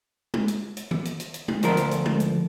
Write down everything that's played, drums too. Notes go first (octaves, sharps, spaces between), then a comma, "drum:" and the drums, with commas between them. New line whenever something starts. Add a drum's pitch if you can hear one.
drum: tom G#3
drum: hi-hat
drum: hi-hat
drum: tom D#3
drum: hi-hat
drum: hi-hat
drum: hi-hat
drum: tom G#3
D2 F3 A#4, drum: hi-hat
drum: hi-hat
drum: hi-hat
drum: tom G#3
drum: hi-hat